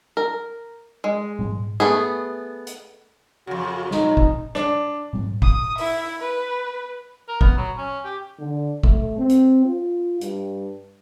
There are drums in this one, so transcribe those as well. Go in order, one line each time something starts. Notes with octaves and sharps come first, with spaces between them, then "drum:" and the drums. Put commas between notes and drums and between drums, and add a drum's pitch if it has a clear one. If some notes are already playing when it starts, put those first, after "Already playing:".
A#4
G#3
drum: tom G#2
A3 B3 G#4
drum: hi-hat
F2 C#3 F#4
D#4, drum: snare
drum: kick
D4, drum: rim click
drum: tom G#2
D#6, drum: kick
E4 E5, drum: open hi-hat
B4
A#4
B3, drum: kick
F#3
C#4
G4
D3
A3, drum: kick
C4
drum: hi-hat
F4
G2, drum: hi-hat